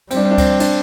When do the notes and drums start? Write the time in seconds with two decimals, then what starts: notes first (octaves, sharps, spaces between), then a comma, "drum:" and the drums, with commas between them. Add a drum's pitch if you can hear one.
0.11 G3 C4, drum: cymbal
0.17 D4
0.24 C4
0.31 D4
0.38 C4, drum: kick C#2, cymbal
0.60 D4, drum: cymbal